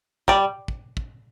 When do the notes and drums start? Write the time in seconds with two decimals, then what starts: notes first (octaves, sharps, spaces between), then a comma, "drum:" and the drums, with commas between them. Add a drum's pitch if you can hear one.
0.28 G3 D5, drum: kick
0.68 drum: kick
0.97 drum: kick